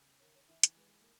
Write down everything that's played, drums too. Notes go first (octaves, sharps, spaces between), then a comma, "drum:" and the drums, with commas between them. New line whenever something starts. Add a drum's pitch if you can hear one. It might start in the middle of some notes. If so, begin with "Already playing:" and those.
Already playing: C#3
D#3 C#5
D#3 C#5
E3 E5
E3, drum: hi-hat
G#3 B4
A#3